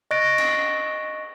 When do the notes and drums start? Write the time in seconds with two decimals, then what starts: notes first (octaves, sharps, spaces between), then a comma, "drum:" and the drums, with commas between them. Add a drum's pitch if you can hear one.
0.11 D#5 C#6 F#6 A6 A#6 D7
0.38 drum: cymbal